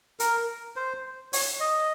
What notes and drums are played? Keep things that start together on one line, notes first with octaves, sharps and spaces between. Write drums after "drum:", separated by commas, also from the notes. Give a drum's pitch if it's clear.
A#4, drum: hi-hat
C5
C#5, drum: open hi-hat
D#5